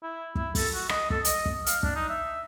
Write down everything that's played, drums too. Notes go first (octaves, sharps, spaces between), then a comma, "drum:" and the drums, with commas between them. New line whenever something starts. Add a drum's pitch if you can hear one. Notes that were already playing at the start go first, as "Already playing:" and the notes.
E4
E4, drum: kick
A4, drum: kick, open hi-hat
F#4
D#5, drum: rim click
A4, drum: kick
D#5, drum: hi-hat
drum: kick
F5, drum: hi-hat
D4, drum: kick
D#4
E5